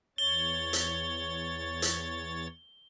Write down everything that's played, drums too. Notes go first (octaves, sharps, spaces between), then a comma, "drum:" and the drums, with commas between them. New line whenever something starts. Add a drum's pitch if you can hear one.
E2 C#5 A6 G7
drum: hi-hat
drum: hi-hat